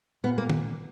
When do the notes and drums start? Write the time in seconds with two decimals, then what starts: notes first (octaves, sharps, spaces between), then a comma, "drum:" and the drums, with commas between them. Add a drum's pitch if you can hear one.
0.24 A#2 B3
0.38 A#3
0.50 drum: tom